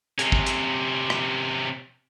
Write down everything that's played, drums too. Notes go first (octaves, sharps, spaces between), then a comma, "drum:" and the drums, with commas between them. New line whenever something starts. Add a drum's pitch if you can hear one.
C3 C#4, drum: hi-hat
drum: kick
drum: hi-hat
drum: rim click